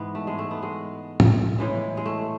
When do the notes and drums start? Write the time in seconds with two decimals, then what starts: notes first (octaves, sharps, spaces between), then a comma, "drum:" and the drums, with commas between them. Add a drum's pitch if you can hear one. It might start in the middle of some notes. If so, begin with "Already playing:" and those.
Already playing: G#2 E3 G#3 B3
0.15 A3
0.27 G#3
0.38 A3
0.51 B3
0.63 G#3
1.20 drum: tom A2
1.58 A2 E3 G#3
1.97 G#3
2.06 A3